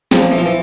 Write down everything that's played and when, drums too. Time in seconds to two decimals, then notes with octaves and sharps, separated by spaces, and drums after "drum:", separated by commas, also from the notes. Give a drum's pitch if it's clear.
0.11 F3, drum: snare
0.32 E3
0.38 F3
0.46 E3